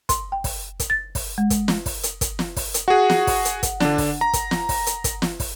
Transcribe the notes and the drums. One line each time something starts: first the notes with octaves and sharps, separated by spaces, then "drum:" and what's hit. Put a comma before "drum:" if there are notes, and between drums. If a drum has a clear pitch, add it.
C6, drum: kick, hi-hat
G5
drum: kick, open hi-hat
drum: kick, hi-hat
A6
drum: kick, open hi-hat
G#3
drum: kick, hi-hat
drum: snare
drum: kick, open hi-hat
drum: hi-hat
drum: kick, hi-hat
drum: snare
drum: kick, open hi-hat
drum: hi-hat
F#4 G#4 F#5
drum: snare
drum: kick, open hi-hat
drum: hi-hat
drum: kick, hi-hat
D3 D4, drum: snare
drum: kick, open hi-hat
A#5
drum: kick, hi-hat
drum: snare
drum: kick, open hi-hat
drum: hi-hat
drum: kick, hi-hat
drum: snare
drum: kick, open hi-hat